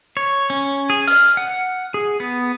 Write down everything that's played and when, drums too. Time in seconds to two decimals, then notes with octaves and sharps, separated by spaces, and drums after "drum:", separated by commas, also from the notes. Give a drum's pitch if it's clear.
0.17 C#5
0.50 C#4
0.90 G#4
1.08 F6, drum: open hi-hat
1.37 F#5
1.94 G#4
2.20 B3